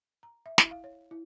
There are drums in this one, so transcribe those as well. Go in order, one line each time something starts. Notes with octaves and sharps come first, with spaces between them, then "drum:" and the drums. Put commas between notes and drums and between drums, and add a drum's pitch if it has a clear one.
A#5
E5
E4, drum: snare
F5
C#5
E4